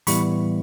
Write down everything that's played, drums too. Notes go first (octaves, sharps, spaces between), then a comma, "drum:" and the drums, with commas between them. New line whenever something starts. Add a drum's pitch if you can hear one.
A2 E3 G3 B3 E4 B5 C#6, drum: open hi-hat